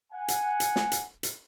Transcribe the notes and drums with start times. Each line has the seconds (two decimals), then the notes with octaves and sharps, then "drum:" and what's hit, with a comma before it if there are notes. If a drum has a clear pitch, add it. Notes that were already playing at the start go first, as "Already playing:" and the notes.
0.13 F#5 G#5
0.28 drum: hi-hat
0.60 drum: hi-hat
0.76 drum: snare
0.92 drum: hi-hat
1.23 drum: hi-hat